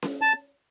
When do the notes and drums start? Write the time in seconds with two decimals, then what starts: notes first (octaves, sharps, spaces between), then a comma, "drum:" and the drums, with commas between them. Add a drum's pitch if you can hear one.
0.02 drum: snare C#4
0.21 A5